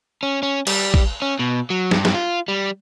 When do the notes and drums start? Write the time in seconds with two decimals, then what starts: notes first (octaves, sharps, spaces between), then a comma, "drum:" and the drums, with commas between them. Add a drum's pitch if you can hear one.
0.23 C#4
0.43 C#4
0.67 G3, drum: cymbal
0.94 drum: kick
1.22 C#4
1.39 B2
1.70 F#3
1.91 G2, drum: snare
2.05 drum: snare
2.14 F4
2.48 G3